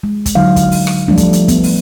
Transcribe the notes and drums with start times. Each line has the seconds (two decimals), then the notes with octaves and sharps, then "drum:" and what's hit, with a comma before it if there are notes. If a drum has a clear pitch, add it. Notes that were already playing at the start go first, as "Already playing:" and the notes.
0.03 G#3
0.26 drum: kick, hi-hat
0.35 D3 F#3 D#4 F5
0.56 drum: kick, hi-hat
0.72 drum: open hi-hat
0.87 drum: rim click
1.08 F3 G3 A3 D4
1.17 drum: kick, hi-hat
1.33 drum: hi-hat
1.48 B3 D4, drum: kick, hi-hat
1.63 drum: open hi-hat